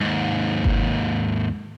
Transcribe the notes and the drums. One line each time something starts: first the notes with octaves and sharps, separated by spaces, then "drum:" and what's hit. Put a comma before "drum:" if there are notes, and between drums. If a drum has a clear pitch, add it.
D#2 G#2
drum: kick G1